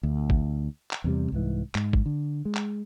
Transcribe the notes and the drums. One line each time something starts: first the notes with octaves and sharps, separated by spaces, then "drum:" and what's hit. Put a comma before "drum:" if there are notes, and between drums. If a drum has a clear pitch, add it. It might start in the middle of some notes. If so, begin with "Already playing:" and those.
D2
drum: kick G#1
drum: clap
E2 C3 G3
C2 G#2 E3
G#2, drum: clap
drum: kick G#1
D3
G#3
drum: clap